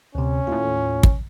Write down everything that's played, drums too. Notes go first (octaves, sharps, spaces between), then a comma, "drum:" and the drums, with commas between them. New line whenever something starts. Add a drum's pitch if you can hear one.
D2 C3 C#4
D#2 A2 F4
drum: kick